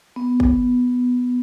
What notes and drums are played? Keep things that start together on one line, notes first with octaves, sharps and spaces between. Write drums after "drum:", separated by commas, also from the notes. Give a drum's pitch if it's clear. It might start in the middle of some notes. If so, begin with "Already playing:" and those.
B3
drum: kick G1